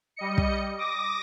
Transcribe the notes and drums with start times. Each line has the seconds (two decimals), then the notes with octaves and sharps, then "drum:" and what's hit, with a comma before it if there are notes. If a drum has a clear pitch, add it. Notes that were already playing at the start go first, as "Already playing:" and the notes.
0.16 G3 D#5 C#7
0.38 drum: kick
0.78 D6 D#6 A#6